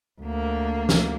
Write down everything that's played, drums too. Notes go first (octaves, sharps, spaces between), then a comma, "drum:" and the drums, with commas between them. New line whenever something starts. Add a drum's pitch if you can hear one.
D2 A#3
drum: snare